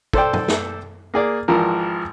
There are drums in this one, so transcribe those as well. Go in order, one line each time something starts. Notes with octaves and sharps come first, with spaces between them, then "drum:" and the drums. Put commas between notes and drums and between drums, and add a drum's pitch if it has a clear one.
A4 C5 D5 G5, drum: kick
drum: tom
drum: snare
A#3 G#4 D5
G#1 E3 F3 A#4